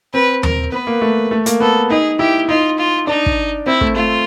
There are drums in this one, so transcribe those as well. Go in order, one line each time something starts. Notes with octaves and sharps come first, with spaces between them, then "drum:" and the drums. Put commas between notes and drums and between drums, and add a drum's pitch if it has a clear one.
C4 B4
A#4, drum: tom D#2
B3 B4
A#3
A3
A3
A#3, drum: hi-hat
B3 A4
D#4 G#4
E4 G4
D#4 F4
F4
D4 D#4
drum: kick
C4 E4
A3, drum: kick
A3 F4